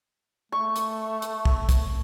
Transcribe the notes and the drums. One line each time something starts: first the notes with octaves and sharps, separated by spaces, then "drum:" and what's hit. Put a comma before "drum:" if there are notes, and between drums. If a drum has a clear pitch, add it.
A3 C#6
drum: hi-hat
drum: hi-hat
drum: kick
drum: kick, hi-hat